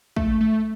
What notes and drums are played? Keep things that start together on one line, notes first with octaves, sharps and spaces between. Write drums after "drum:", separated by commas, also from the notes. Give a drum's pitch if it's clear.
A3, drum: kick
A3